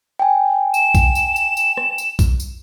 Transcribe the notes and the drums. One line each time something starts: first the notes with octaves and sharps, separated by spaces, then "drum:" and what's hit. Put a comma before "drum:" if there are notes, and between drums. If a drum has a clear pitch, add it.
G5 G#5
E7, drum: tambourine
drum: kick A#1, tambourine
drum: tambourine
drum: tambourine
drum: tambourine
drum: rim click
drum: tambourine
drum: kick A#1, tambourine
drum: tambourine